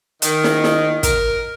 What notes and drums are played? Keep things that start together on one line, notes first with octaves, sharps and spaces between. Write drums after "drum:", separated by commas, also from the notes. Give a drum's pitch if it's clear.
D#3, drum: hi-hat
drum: snare
drum: snare
A#4, drum: kick, hi-hat